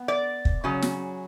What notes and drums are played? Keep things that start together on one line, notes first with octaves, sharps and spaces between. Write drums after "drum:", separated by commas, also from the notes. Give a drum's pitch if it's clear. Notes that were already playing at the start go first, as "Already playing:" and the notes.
Already playing: B3
D5
drum: kick
C#3 F#3 C#4
drum: snare